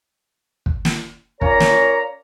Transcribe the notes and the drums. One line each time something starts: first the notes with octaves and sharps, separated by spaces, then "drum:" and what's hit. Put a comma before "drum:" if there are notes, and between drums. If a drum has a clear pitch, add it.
drum: kick
drum: snare
C#4 F4 A#4 C#5 D5 A#5, drum: kick
drum: snare